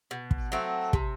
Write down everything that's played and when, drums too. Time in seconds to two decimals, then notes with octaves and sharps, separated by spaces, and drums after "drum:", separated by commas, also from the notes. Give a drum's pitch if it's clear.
0.11 B2
0.31 drum: kick
0.52 F#3 A3 C4
0.93 C3, drum: kick